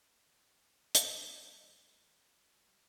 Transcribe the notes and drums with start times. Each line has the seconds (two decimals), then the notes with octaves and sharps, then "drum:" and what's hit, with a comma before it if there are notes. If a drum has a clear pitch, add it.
0.95 G3 F#4, drum: hi-hat